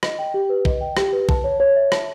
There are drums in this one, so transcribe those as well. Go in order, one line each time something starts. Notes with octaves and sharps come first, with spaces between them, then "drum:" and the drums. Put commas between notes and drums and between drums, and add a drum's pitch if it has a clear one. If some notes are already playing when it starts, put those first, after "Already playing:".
D#5, drum: rim click
G5
G4
B4
D#5, drum: kick
G5
G4, drum: rim click
B4
A5, drum: kick
C#5
C#5
E5
A5, drum: rim click